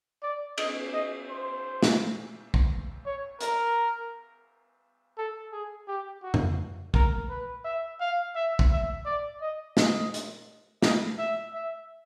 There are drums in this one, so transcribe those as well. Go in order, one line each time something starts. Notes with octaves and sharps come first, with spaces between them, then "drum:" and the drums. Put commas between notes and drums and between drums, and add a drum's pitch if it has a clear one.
D5
D#5, drum: cymbal
D#5
C5
drum: snare
drum: kick
C#5
A#4, drum: hi-hat
A4
G#4
G4
F#4
drum: tom F2
A#4, drum: kick
B4
E5
F5
E5
drum: kick
E5
D5
D#5
D#5, drum: snare
drum: hi-hat
D#5, drum: snare
E5
E5